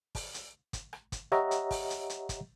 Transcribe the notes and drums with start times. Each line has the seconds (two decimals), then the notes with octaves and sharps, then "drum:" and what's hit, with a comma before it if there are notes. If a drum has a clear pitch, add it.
0.15 drum: kick, open hi-hat
0.34 drum: hi-hat
0.73 drum: kick, hi-hat
0.93 drum: rim click
1.12 drum: kick, hi-hat
1.32 G4 C#5 D#5 E5 F#5 A#5, drum: rim click
1.51 drum: hi-hat
1.71 drum: kick, open hi-hat
1.90 drum: hi-hat
2.10 drum: hi-hat
2.29 drum: kick, hi-hat